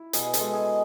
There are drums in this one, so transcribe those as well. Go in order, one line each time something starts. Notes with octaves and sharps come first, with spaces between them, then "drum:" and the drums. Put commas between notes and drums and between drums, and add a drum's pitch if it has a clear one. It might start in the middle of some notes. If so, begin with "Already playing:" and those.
Already playing: E4
B2 G#4, drum: hi-hat
A4, drum: hi-hat
G#3
G#4
G#3